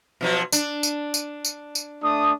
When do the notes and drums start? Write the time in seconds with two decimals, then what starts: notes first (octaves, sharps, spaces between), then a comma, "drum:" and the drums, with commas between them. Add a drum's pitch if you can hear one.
0.21 B2 F3 F#3
0.52 D4, drum: tambourine
0.83 drum: tambourine
1.14 drum: tambourine
1.45 drum: tambourine
1.75 drum: tambourine
2.03 A3 D4 D#6